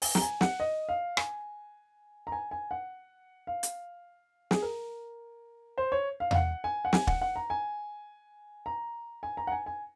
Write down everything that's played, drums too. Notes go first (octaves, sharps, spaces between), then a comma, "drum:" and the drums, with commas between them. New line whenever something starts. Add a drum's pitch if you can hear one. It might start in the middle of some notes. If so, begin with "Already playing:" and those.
G#5, drum: open hi-hat
A#5, drum: snare
G#5
F#5, drum: snare
D#5
F5
G#5, drum: rim click
A#5
G#5
G#5
F#5
F5
drum: hi-hat
G#4, drum: snare
A#4
C5
C#5
F5
F5, drum: tom E2
F#5
G#5
F#5
G#5, drum: snare
F#5, drum: kick
F#5
A#5
G#5
A#5
G#5
A#5
F#5
G#5
G#5